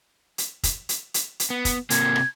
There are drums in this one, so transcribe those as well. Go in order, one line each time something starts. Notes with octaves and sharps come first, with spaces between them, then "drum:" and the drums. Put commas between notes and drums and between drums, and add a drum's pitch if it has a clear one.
drum: hi-hat
drum: kick, hi-hat
drum: hi-hat
drum: hi-hat
drum: hi-hat
B3
drum: kick, hi-hat
C3 A#3 G#6, drum: hi-hat
drum: rim click